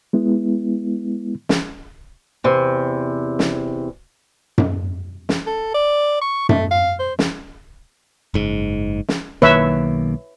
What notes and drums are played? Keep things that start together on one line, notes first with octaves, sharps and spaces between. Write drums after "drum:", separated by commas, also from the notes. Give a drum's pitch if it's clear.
G#3 B3 E4
drum: snare
E2 C3
drum: snare
drum: tom F#2
drum: snare
A4
D5
C#6
A3, drum: tom F#2
F5
C5
drum: snare
F#1 G#2
drum: snare
B1 D#3 A#3 B4 C#5 E5